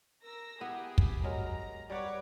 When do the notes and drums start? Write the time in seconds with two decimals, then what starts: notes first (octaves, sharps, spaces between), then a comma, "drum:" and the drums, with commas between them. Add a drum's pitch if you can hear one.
0.24 A#4 E6 A#6
0.60 B3 E4 G4 G#4 B4
0.98 drum: kick
1.24 F#3 G#3 A#4 A#5
1.90 G3 B4 C#5 F#5 D6